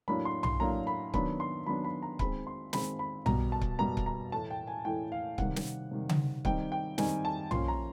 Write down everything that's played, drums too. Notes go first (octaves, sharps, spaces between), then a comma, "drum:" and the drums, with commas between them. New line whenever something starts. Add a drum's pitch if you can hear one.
A2 F#3 A#3 D4 B5
C6
C6, drum: tom B1
A2 F#3 A#3 D4 A#5
B5
D#3 F#3 B3 D4 B5, drum: kick C#1
C6
D#3 F#3 B3 D4 B5
B5
A#5
D#3 G#3 C4 B5, drum: kick C#1
C6
D#3 G#3 C4 B5, drum: snare
B5
B2 G3 B3 A#5, drum: tom B1
A5
drum: kick C#1
B2 G3 B3 A#5
drum: kick C#1
A#5
A2 E3 A3 A5
G5
G#5
A2 E3 A3 G5
F5
C3 D#3 G3 F#5, drum: kick C#1
drum: snare
C3 D#3 G3
drum: tom C#3
D#3 G3 C4 D#4 G5, drum: kick C#1
G5
D#3 G3 C4 D#4 G#5, drum: snare
A5
F3 A#3 C#4 C6, drum: tom B1
A#5